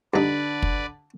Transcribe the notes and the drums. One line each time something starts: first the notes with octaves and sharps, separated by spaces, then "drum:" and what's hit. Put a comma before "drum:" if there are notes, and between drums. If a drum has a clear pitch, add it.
G2 D3 D#4 B4 D5
drum: kick